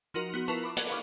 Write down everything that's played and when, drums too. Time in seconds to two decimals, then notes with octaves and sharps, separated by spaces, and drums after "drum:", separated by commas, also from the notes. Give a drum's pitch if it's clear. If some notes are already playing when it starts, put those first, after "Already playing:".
0.14 F3 D#4 F#4 A#4 C6
0.34 B3 F#4
0.48 E4 F4 A#4 B4 A5 C#6
0.64 B5 D6
0.77 A#4 F#6 G#6, drum: hi-hat
0.89 F5 B5 C#6 D6 F6